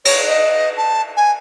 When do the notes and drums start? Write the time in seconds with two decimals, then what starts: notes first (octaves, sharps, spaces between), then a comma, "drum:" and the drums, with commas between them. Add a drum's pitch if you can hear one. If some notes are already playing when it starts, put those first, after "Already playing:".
0.05 C#5, drum: cymbal
0.27 D#5
0.77 A5
1.17 G#5